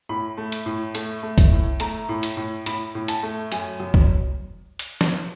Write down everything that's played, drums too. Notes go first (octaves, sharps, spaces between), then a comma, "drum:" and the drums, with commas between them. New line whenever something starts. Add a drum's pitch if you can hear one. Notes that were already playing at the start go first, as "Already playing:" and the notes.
A2 B5
A3
drum: hi-hat
A2
A3, drum: hi-hat
A3
drum: kick C2, hi-hat
A2
A3 A#5, drum: hi-hat
A2
drum: hi-hat
A2
A2 B5, drum: hi-hat
A2
A5, drum: hi-hat
A3
F#2 G#5, drum: hi-hat
F#2
drum: kick C2
drum: hi-hat
drum: snare